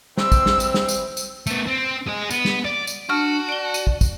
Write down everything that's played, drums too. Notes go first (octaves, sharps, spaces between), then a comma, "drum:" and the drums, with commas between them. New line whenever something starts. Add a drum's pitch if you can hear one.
E3 G3 C4 E6, drum: snare
drum: kick, tambourine
drum: snare
drum: tambourine
drum: snare
drum: tambourine
drum: tambourine
A3 B3, drum: tambourine
C4
G#4 D#5
B3, drum: tambourine
drum: snare
D5
drum: tambourine
D4 F#4 A5 C#6 F6 D7
D5 D7 G7
D#7, drum: tambourine
drum: kick
drum: kick, tambourine